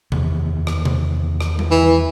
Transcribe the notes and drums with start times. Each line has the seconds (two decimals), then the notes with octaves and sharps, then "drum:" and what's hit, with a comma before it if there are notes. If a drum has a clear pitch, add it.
0.12 E2 D#3, drum: tom C3
0.67 drum: rim click
0.85 drum: tom C3
1.41 drum: rim click
1.59 drum: tom G3
1.71 E3